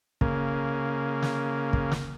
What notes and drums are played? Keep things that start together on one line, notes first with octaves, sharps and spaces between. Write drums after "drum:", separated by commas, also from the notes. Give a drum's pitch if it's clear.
C#3 A#3, drum: kick
drum: snare
drum: kick
drum: snare